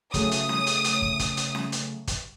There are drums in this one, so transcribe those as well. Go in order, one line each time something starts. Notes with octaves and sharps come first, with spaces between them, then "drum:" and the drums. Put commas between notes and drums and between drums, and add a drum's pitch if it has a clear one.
C#3 F#3 A3 D#6, drum: kick, hi-hat
drum: hi-hat
drum: snare C#4
drum: hi-hat
drum: hi-hat
drum: kick
drum: kick, hi-hat
drum: hi-hat
drum: snare C#4
drum: hi-hat
drum: kick, hi-hat